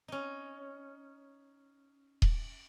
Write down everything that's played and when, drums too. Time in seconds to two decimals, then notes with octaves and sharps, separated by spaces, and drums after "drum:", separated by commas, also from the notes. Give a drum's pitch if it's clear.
0.08 C#4 D#4
2.22 drum: kick D#1